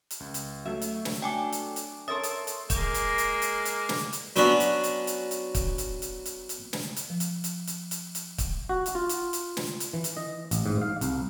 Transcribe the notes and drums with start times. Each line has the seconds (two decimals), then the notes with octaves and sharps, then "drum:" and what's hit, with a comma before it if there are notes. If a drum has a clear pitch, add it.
0.11 drum: hi-hat
0.20 C#2
0.34 drum: hi-hat
0.66 F#3 A3 E5
0.82 drum: hi-hat
1.05 drum: snare
1.22 D4 G5 G#5 D6
1.52 drum: hi-hat
1.76 drum: hi-hat
2.08 A4 A#4 C#5 E5 C6 D#6 A6
2.23 drum: hi-hat
2.47 drum: hi-hat
2.70 G#3 A#3, drum: kick, hi-hat
2.94 drum: hi-hat
3.18 drum: hi-hat
3.42 drum: hi-hat
3.65 drum: hi-hat
3.89 drum: snare
4.13 drum: hi-hat
4.36 F#3 B3 C#4 D4 F#4, drum: hi-hat
4.60 drum: hi-hat
4.84 drum: hi-hat
5.07 drum: hi-hat
5.31 drum: hi-hat
5.55 drum: kick, hi-hat
5.78 drum: hi-hat
6.02 drum: hi-hat
6.26 drum: hi-hat
6.49 drum: hi-hat
6.73 drum: snare
6.96 drum: hi-hat
7.10 F3
7.20 drum: hi-hat
7.44 drum: hi-hat
7.67 drum: hi-hat
7.91 drum: hi-hat
8.15 drum: hi-hat
8.38 drum: kick, hi-hat
8.69 F#4
8.86 drum: hi-hat
8.95 F4
9.09 drum: hi-hat
9.33 drum: hi-hat
9.57 drum: snare
9.80 drum: hi-hat
9.93 E3
10.04 drum: hi-hat
10.17 D#5
10.51 A1, drum: hi-hat
10.66 G#2
10.81 F5
11.01 C2, drum: hi-hat